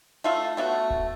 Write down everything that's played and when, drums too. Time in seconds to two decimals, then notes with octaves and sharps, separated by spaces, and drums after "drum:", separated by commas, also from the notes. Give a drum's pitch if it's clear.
0.24 A3 F4 E5 F5
0.57 A3 B3 F#4
0.90 drum: kick D1